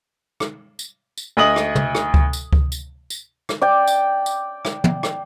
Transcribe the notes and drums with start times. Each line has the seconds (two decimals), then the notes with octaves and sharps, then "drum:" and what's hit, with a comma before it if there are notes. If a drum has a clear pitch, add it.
0.40 drum: rim click
0.79 drum: tambourine
1.18 drum: tambourine
1.37 D2 D#5 D#6 F#7
1.56 drum: rim click
1.75 drum: tom
1.95 drum: rim click
2.14 drum: kick C#2
2.33 drum: tambourine
2.53 drum: kick C#2
2.72 drum: tambourine
3.10 drum: tambourine
3.49 drum: rim click
3.62 D5 G5
3.88 drum: tambourine
4.26 drum: tambourine
4.65 drum: rim click
4.84 drum: tom
5.03 drum: rim click